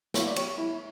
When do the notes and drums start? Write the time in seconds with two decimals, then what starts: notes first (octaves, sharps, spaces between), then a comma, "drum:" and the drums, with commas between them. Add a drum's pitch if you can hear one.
0.14 E4 C#5, drum: snare
0.26 D5
0.36 G4 C#5, drum: cymbal
0.58 E4